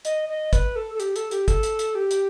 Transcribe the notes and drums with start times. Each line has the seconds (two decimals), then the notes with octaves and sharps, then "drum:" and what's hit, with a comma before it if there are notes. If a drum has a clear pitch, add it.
0.05 D#5, drum: hi-hat
0.29 D#5
0.53 B4, drum: kick, hi-hat
0.76 A4
0.94 A4
1.00 G4, drum: hi-hat
1.16 A4, drum: hi-hat
1.31 G4, drum: hi-hat
1.48 A4, drum: kick, hi-hat
1.63 drum: hi-hat
1.79 drum: hi-hat
1.95 G4
2.11 drum: hi-hat